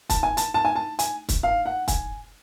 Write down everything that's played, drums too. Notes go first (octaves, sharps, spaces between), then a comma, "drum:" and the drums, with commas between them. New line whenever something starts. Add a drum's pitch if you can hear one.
A5, drum: kick, hi-hat
G#5
A5, drum: hi-hat
A5
G#5
A5
G#5, drum: hi-hat
drum: kick, hi-hat
F5
F#5
G#5, drum: kick, hi-hat